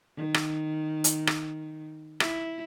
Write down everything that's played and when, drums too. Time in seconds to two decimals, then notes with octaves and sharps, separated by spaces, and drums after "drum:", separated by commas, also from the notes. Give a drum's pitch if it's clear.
0.17 D#3
0.34 drum: rim click
1.04 drum: hi-hat
1.27 drum: rim click
2.20 E4, drum: rim click